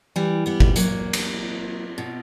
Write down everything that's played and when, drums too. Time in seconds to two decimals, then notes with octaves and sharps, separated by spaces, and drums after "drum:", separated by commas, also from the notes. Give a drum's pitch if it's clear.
0.16 E3 G3
0.46 G3 B3
0.60 drum: kick G1
0.76 F#3 A#3, drum: hi-hat
1.13 drum: cymbal
1.98 B2